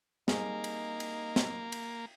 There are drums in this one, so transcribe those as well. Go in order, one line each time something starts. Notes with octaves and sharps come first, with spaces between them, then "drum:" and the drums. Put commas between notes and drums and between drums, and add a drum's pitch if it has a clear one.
G3 A#3 C4 D#4 G#4, drum: snare
drum: cymbal
drum: cymbal
drum: snare
drum: cymbal